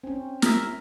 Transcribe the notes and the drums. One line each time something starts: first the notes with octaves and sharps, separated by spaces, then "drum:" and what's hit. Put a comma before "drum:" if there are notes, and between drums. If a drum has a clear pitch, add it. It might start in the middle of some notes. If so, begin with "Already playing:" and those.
C4 C#4
A#4 E5, drum: snare